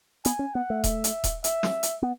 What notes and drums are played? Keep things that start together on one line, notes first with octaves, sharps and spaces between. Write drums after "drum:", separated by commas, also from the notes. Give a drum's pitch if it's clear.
B3 G#5, drum: hi-hat
C#4
B3 F#5
A3
E5, drum: kick D#1, hi-hat
drum: hi-hat
drum: kick D#1, hi-hat
E5, drum: hi-hat
drum: snare
drum: hi-hat
B3